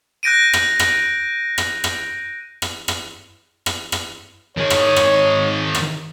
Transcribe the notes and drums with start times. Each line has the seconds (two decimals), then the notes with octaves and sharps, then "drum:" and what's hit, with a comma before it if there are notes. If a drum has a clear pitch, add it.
0.23 F#6 G6 A#6 D7 D#7
0.53 drum: rim click
0.80 drum: rim click
1.58 drum: rim click
1.84 drum: rim click
2.62 drum: rim click
2.88 drum: rim click
3.66 drum: rim click
3.92 drum: rim click
4.57 D#3 G#4 C#5
4.70 drum: rim click
4.96 drum: rim click
5.75 drum: rim click